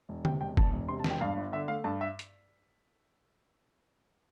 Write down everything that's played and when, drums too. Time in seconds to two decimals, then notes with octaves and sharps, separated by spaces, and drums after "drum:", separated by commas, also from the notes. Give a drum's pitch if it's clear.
0.09 E1
0.25 C3 G5, drum: tom D3
0.41 E1 G5
0.57 E2 A5, drum: kick
0.73 E1
0.88 C3 C6
0.99 A5
1.04 E1, drum: snare
1.10 G5
1.21 G2 F5
1.37 G1
1.52 D3 E5
1.68 A3 F5
1.84 G2 A5
2.01 E5
2.19 drum: hi-hat